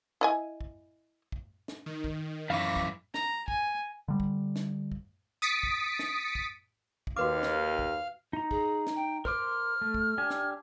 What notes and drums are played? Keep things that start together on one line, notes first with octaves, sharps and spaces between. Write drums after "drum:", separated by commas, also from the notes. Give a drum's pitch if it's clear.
E4 D#5 G#5
drum: kick
drum: kick
drum: snare
D#3
drum: kick
F#2 E3 F5 B5 C#6 D6 A#6
drum: kick
A#5, drum: snare
G#5, drum: kick
D3 G3
drum: kick
drum: snare
drum: kick
D#6 A6 B6 C#7 D7
drum: kick
drum: snare
drum: kick
drum: kick
D#2 F#4 B4 F5 D6 F6
drum: snare
drum: kick
D#4 A#5
G#4, drum: kick
drum: snare
G5
A#4 C5 D6 F6, drum: kick
A3
drum: kick
D4 G4 G#5
drum: snare